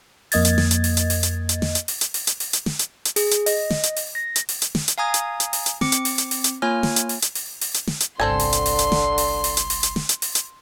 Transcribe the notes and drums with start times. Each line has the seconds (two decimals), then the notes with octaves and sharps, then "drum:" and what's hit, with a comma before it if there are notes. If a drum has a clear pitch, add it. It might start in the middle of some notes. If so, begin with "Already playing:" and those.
0.32 F2 A#3 D#5 G#6 A6, drum: open hi-hat
0.45 drum: hi-hat
0.58 drum: snare
0.71 drum: hi-hat
0.84 drum: open hi-hat
0.97 drum: hi-hat
1.10 drum: open hi-hat
1.23 drum: hi-hat
1.49 drum: hi-hat
1.62 drum: snare
1.75 drum: hi-hat
1.88 drum: open hi-hat
2.01 drum: hi-hat
2.14 drum: open hi-hat
2.27 drum: hi-hat
2.40 drum: open hi-hat
2.53 drum: hi-hat
2.66 drum: snare
2.79 drum: hi-hat
3.05 drum: hi-hat
3.16 G#4, drum: open hi-hat
3.31 drum: hi-hat
3.46 D#5, drum: open hi-hat
3.70 drum: snare
3.83 drum: hi-hat
3.96 drum: open hi-hat
4.15 A#6
4.36 drum: hi-hat
4.49 drum: open hi-hat
4.62 drum: hi-hat
4.75 drum: snare
4.88 drum: hi-hat
4.98 F5 G#5 A#5 D#6 G#6
5.14 drum: hi-hat
5.40 drum: hi-hat
5.53 drum: open hi-hat
5.66 drum: hi-hat
5.81 C4 D6 C#7, drum: snare
5.92 drum: hi-hat
6.05 drum: open hi-hat
6.18 drum: hi-hat
6.31 drum: open hi-hat
6.44 drum: hi-hat
6.62 A#3 F4 C#5 G#5 F6
6.83 drum: snare
6.96 drum: hi-hat
7.09 drum: open hi-hat
7.22 drum: hi-hat
7.35 drum: open hi-hat
7.61 drum: open hi-hat
7.74 drum: hi-hat
7.87 drum: snare
8.00 drum: hi-hat
8.20 G1 C2 D3 C4 A4 G#5 C6
8.40 drum: open hi-hat
8.53 drum: hi-hat
8.66 drum: open hi-hat
8.79 drum: hi-hat
8.92 drum: snare
9.18 drum: open hi-hat
9.44 drum: open hi-hat
9.57 drum: hi-hat
9.70 drum: open hi-hat
9.83 drum: hi-hat
9.96 drum: snare
10.09 drum: hi-hat
10.22 drum: open hi-hat
10.35 drum: hi-hat